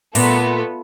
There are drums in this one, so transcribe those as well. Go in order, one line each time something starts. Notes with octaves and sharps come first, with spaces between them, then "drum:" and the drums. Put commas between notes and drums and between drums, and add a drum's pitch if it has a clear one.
A#2 A3 B3 A4, drum: open hi-hat